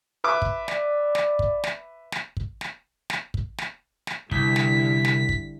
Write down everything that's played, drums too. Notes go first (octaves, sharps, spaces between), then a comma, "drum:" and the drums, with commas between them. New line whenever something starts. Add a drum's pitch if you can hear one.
B4 E5 D6
drum: kick
D5, drum: snare
drum: snare
drum: kick
drum: snare
drum: snare
drum: kick
drum: snare
drum: snare
drum: kick
drum: snare
drum: snare
C2 D3 G3 E4 B6, drum: kick
drum: snare
drum: snare
drum: kick